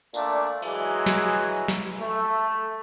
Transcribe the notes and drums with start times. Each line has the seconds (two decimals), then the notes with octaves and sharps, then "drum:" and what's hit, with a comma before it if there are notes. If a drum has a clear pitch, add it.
0.14 A#2 A3 D4, drum: tambourine
0.62 E3 F#3 G#3, drum: cymbal
1.06 drum: snare
1.68 drum: snare
2.00 A3